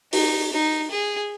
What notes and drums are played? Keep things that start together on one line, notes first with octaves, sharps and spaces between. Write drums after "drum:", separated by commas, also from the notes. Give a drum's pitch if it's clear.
D#4, drum: open hi-hat
D#4
G#4